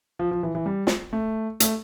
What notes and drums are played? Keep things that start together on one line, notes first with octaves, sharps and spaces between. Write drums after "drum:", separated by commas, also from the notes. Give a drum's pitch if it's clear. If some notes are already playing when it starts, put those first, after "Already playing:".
F3
F3
E3
E3
G3
drum: snare
A3
A3, drum: hi-hat